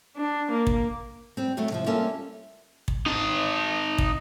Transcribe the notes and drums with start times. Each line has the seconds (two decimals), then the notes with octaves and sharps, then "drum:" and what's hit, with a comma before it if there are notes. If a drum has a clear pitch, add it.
0.16 D4
0.52 A#3
0.67 drum: kick
1.37 G3 C4
1.57 D2 F#3 G3 A3
1.70 C3 D#3 F3
1.86 G3 A#3 C#4 F4 A4 E5
2.88 drum: kick
3.06 D#4 A5
3.98 drum: kick